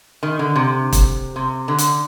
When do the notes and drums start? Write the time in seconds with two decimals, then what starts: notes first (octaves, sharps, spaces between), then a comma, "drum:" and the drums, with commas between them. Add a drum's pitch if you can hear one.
0.23 D#3
0.39 D3
0.56 C3
0.93 drum: kick, hi-hat
1.36 C3
1.68 D3
1.78 drum: hi-hat